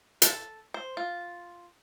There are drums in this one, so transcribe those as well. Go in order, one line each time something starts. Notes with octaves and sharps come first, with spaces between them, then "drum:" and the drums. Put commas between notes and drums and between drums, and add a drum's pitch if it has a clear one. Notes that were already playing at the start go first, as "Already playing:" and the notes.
A4, drum: hi-hat
C5
F4